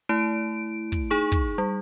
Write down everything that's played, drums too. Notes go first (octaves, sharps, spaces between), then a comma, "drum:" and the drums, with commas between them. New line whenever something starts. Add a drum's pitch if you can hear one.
A3 E4 D7
drum: kick
D#4 G#4 C#6
drum: kick
G3